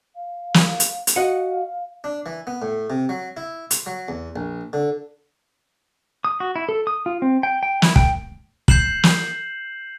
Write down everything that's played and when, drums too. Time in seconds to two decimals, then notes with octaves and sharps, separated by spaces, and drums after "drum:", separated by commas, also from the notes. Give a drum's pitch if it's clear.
0.15 F5
0.54 drum: snare
0.80 drum: hi-hat
1.07 drum: hi-hat
1.16 F#4 D#5 F5 F#5
2.04 D4
2.26 E3
2.47 B3
2.62 A2
2.90 C3
3.09 F#3
3.37 E4
3.71 C6, drum: hi-hat
3.86 F#3
4.08 E2
4.36 A#1
4.73 D3
6.25 D#6
6.40 F#4
6.56 E4
6.69 A4
6.87 D#6
7.06 F4
7.22 C4
7.43 G5
7.63 G5
7.82 E4, drum: snare
7.96 G5, drum: kick
8.68 G6 C7 E7 F#7, drum: kick
9.03 drum: snare